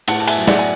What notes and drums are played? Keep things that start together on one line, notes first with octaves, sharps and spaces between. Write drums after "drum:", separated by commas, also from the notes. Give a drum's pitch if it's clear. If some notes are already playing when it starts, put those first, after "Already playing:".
A2 F#5 A5, drum: cymbal
A5
E5 G#5, drum: cymbal
F#3
D5 F#5, drum: snare
G#5